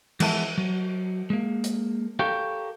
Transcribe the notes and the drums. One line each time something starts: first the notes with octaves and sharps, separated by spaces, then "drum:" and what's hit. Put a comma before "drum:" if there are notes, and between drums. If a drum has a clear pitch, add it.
E3 F3 G#3 B3 E5 A5, drum: cymbal
F#3
G#3 A#3
drum: hi-hat
G4 A4 A#4 C#5 F5 G5